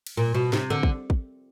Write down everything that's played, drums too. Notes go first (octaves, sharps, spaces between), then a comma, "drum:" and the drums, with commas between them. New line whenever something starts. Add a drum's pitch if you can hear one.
drum: cymbal
A#2
B2
C3, drum: snare
D3
drum: kick
drum: kick